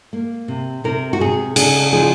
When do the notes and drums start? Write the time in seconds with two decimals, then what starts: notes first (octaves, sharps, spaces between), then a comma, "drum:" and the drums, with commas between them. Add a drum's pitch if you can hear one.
0.13 A#3
0.48 C3
0.84 C3 A#4
1.13 F#4
1.20 C3 G#4
1.56 C#3 G#4, drum: cymbal
1.93 F3 G#4